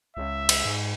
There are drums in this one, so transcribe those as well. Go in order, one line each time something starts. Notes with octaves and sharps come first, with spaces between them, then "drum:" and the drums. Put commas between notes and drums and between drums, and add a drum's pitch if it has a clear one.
C#2 E5
drum: cymbal
G#2